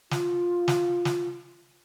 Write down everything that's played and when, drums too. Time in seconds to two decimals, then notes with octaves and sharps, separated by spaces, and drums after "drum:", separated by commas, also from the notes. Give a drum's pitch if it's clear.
0.11 F4, drum: snare
0.68 drum: snare
1.05 drum: snare